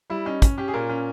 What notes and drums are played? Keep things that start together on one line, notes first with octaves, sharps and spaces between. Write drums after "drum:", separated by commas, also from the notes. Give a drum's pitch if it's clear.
G3 E4
C#4 D#4
C#4, drum: kick, hi-hat
C#4 G4
G#4
A#2 A#4
C#4